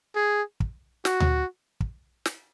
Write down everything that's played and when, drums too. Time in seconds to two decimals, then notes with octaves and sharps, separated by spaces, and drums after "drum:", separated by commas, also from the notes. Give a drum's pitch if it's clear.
0.15 G#4
0.60 drum: kick
1.05 F#4, drum: snare
1.20 drum: tom D2
1.80 drum: kick
2.26 drum: snare